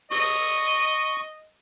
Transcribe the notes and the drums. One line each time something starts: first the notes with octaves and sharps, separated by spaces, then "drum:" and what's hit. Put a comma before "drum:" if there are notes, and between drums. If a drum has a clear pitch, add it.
D#5 C#6, drum: open hi-hat